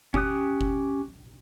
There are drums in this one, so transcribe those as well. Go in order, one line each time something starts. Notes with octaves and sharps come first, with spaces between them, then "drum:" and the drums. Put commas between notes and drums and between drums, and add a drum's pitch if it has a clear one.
C#4 G4 D#6 F#6, drum: kick F#1
drum: kick F#1